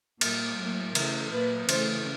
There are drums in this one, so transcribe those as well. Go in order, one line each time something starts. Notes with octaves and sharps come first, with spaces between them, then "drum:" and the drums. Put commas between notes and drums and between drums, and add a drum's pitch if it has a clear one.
A#2 G3 A#3, drum: cymbal
A2 F#3 A#3
C#3 E3 A3 A#4, drum: cymbal
A#2 F#3 A#3 B4
C#3 E3 A3 C5, drum: cymbal